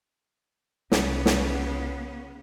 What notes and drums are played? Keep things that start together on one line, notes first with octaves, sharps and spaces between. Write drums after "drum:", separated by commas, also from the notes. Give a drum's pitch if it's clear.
C2 C#3 B3, drum: snare
drum: snare